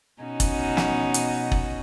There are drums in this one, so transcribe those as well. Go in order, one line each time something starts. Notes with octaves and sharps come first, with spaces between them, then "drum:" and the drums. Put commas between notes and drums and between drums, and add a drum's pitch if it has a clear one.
B2 C#4 D#4 F#4
drum: kick, hi-hat
drum: snare
drum: hi-hat
drum: kick